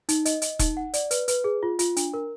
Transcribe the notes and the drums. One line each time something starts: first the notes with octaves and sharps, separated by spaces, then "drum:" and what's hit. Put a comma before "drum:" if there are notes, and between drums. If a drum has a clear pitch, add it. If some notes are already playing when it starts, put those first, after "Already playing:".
D#4, drum: hi-hat
D#5, drum: hi-hat
D#5, drum: hi-hat
D#4, drum: kick E1, hi-hat
F#5
D5, drum: hi-hat
B4, drum: hi-hat
B4, drum: hi-hat
G#4
F4
F4, drum: hi-hat
D4, drum: hi-hat
A#4